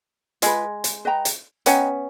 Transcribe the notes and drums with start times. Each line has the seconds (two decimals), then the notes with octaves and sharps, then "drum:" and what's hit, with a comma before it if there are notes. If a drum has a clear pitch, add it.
0.42 G#3 F4 G#4 B4, drum: hi-hat
0.84 drum: hi-hat
1.05 B4 D#5 G5 A#5
1.25 drum: hi-hat
1.66 B3 C#4 B4 D#5 G5 A#5, drum: hi-hat